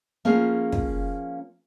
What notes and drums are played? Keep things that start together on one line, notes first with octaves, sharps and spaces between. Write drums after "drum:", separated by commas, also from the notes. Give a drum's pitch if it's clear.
F3 A#3 C#4 G#4 F5
drum: kick